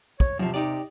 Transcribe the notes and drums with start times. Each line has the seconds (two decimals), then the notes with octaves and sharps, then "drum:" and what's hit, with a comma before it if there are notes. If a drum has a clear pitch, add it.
0.20 C#5, drum: kick
0.39 F#2 C3 F3
0.54 D#4 G4 D5